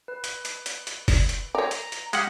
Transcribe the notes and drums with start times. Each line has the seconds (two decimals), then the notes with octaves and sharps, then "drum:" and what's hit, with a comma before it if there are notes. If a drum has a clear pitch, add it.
0.08 B4
0.24 drum: hi-hat
0.45 drum: hi-hat
0.66 drum: hi-hat
0.87 drum: hi-hat
1.08 drum: kick, open hi-hat
1.29 drum: hi-hat
1.55 C#5 D5 A#5
1.71 drum: hi-hat
1.92 drum: hi-hat
2.13 G#3 G4 F5 F#5, drum: hi-hat